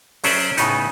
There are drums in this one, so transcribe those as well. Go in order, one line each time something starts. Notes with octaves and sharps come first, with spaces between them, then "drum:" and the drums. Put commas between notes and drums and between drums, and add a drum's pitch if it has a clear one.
F#3 C#4 C5 D5 E5, drum: open hi-hat
A2 C#3 B3 D#4, drum: hi-hat